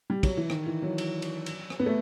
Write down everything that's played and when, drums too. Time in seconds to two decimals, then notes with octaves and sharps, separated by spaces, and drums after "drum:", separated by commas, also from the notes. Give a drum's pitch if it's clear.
0.10 G3
0.23 F#3, drum: kick, cymbal
0.37 E3
0.50 D#3, drum: rim click
0.66 E3
0.82 F#3
0.98 drum: cymbal
1.22 drum: cymbal
1.46 drum: cymbal
1.70 drum: rim click
1.80 B3
1.86 A3